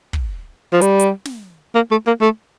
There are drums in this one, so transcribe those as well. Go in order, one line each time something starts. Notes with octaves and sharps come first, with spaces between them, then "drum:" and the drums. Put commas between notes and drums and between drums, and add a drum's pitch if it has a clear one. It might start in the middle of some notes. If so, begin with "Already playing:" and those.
drum: kick
F3
G3, drum: hi-hat
drum: hi-hat
drum: snare
A#3
A3
A#3
A3